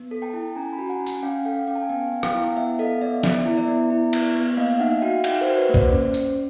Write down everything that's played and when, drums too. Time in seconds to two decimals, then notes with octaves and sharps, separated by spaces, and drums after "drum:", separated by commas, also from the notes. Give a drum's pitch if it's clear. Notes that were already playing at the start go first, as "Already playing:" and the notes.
Already playing: B3
0.11 A4
0.22 G5 A5
0.33 E4
0.56 C#4 G#5 A#5
0.73 A5 B5
0.78 F#4
0.89 F#5 G#5
1.00 C#4
1.06 F#5 G#5, drum: tambourine
1.23 C#4 F5 G5
1.45 A4 F5 G5
1.67 C#4 F5 G5
1.75 A5
1.83 G#5
1.89 B3 F5 G5
2.12 B3
2.23 F5 G5, drum: rim click
2.35 E4
2.56 B3 E5 F#5
2.79 A4 D#5 F5
3.01 B3 D5 E5
3.23 B3 D5 E5, drum: snare
3.46 E4
3.57 D5 E5
3.68 B3
3.90 E4
4.13 B3, drum: cymbal
4.35 B3
4.57 A#3 D#5 F5
4.79 D#4 E5 F#5
5.02 F#4 F5 G5
5.24 D#4 E5 F#5, drum: cymbal
5.41 A#4 C5
5.47 F#4
5.58 B4 C#5
5.69 A#3
5.74 C5 D5, drum: kick B1
5.92 C#4
6.14 C#4, drum: tambourine